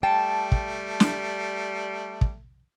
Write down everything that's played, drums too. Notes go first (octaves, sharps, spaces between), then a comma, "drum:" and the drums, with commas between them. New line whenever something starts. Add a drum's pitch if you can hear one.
G3 A3 G5 A5
drum: kick
drum: snare
drum: kick